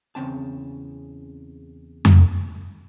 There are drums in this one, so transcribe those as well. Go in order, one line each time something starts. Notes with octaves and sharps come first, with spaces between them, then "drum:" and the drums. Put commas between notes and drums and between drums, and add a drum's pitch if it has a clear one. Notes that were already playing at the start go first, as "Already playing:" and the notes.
E2 C#3 C4 A5
drum: tom F2